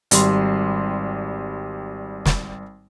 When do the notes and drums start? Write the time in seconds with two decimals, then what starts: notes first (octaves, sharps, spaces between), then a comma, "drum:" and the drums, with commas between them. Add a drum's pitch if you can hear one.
0.11 G#1 G3 C6, drum: hi-hat
2.26 drum: snare